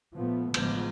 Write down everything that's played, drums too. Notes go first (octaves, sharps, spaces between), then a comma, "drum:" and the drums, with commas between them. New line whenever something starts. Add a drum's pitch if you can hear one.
A#2 F3 A3 B3
A1 D3 F3 F#3 G#3 B3, drum: cymbal